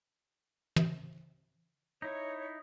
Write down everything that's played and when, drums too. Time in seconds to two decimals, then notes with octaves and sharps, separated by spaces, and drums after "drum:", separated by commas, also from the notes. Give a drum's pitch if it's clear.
0.76 drum: tom
2.02 D#4 E4 C#5